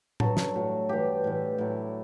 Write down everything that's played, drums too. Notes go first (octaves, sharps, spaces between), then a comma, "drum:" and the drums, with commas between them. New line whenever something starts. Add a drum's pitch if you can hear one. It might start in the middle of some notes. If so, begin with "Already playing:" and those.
G2 F#3 A4, drum: tom
drum: snare
A2 F#3
G2 E3 G4
A2 E3
A2 F#3 E4